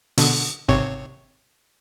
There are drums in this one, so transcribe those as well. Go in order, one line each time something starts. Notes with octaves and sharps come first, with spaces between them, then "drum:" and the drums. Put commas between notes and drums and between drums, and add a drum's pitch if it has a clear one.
B2 D3, drum: open hi-hat
G#1 C3 C#5